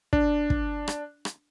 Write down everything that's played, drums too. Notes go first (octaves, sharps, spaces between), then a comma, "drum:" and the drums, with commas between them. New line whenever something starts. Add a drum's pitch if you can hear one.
D4, drum: kick
drum: kick
drum: rim click
drum: rim click